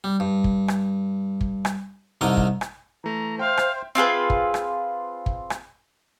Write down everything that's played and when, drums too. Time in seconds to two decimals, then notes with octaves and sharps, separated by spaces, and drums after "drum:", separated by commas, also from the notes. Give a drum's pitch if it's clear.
0.04 G3
0.20 G2
0.44 drum: kick
0.68 drum: rim click
1.41 drum: kick
1.65 drum: rim click
2.21 C2 D3 D#3 A#4 D#5
2.37 drum: kick
2.61 drum: rim click
3.04 E3 A3 A#5
3.39 C5 E5 F5 G5
3.57 drum: rim click
3.95 C4 F4 G#4 B4
4.30 drum: kick
4.54 drum: rim click
5.26 drum: kick
5.50 drum: rim click